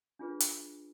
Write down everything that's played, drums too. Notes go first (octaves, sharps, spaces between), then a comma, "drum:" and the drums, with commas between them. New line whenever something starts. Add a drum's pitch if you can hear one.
D4 F4 G#4 B4
drum: hi-hat